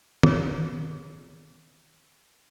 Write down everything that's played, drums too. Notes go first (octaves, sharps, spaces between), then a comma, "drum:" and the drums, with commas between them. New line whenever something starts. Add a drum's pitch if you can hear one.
G#4 C#5, drum: tom